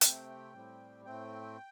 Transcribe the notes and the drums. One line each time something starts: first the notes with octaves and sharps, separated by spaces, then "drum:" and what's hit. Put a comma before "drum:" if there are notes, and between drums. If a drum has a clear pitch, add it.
C3 A3 C4 G5, drum: hi-hat
A2 G3 C4
A2 A3 C4 G5